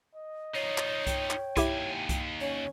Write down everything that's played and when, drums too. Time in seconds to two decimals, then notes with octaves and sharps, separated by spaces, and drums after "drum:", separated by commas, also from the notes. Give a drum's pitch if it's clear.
0.15 D#5
0.55 D#4 F4 C#5
0.78 drum: clap
1.07 G5, drum: kick C2, hi-hat
1.30 drum: clap
1.57 D#2 E4 G4 E5 G#5, drum: kick C2, hi-hat
2.09 drum: kick C2, hi-hat
2.41 C#4 C#5